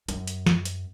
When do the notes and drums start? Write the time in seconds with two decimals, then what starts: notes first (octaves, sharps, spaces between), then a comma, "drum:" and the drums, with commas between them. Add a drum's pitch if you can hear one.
0.09 F#2, drum: hi-hat
0.27 drum: hi-hat
0.46 drum: snare
0.65 drum: hi-hat